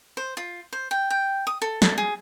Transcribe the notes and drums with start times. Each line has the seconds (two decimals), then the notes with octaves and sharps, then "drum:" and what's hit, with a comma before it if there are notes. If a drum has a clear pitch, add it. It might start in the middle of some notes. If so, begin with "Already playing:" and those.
0.17 C5
0.37 F4
0.73 C5
0.91 G5
1.10 G5
1.47 D#6
1.62 A4
1.82 A4, drum: snare
1.98 G#4